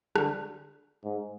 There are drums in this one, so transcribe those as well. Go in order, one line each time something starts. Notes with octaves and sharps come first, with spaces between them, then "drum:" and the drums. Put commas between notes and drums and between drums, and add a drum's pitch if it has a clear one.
D3, drum: rim click
G#2